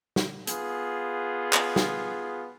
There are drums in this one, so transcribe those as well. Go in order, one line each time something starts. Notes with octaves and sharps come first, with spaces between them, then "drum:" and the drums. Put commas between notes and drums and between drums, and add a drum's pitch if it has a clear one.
drum: snare
B3 F4 G#4, drum: hi-hat
drum: clap
drum: snare